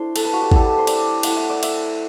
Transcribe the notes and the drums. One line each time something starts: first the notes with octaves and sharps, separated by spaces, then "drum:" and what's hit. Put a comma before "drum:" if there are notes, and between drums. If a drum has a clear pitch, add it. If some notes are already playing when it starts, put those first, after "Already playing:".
Already playing: A3 D4 E4 C5
A4, drum: cymbal
B4
F#4
G4
G3 C4 E4 A4, drum: kick
B4
C5
D5, drum: cymbal
A3 E4 F#5, drum: cymbal
E5
D5
E5, drum: cymbal